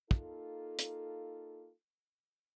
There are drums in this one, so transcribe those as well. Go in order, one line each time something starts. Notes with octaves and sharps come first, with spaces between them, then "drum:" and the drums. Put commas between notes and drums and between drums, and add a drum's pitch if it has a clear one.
A#3 D#4 F4 A4, drum: kick
drum: hi-hat